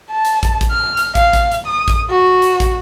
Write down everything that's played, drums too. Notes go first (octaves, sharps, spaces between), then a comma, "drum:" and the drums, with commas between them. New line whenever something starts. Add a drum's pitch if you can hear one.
A5
drum: hi-hat
drum: kick, hi-hat
drum: kick, hi-hat
F6
drum: hi-hat
F5, drum: kick, hi-hat
drum: kick, hi-hat
drum: hi-hat
D#6
drum: kick, hi-hat
F#4
drum: hi-hat
drum: kick, hi-hat